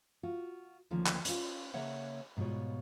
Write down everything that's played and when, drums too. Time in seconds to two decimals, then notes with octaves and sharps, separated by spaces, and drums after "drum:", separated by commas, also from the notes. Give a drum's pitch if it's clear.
0.23 F4 F#4
0.91 D2 D#3 F3 A#3 C#4
1.06 drum: clap
1.25 C#4 F4, drum: hi-hat
1.74 C#3 A#3 C#5 E5 F#5
2.37 G#2 B2 G3 F4 C#5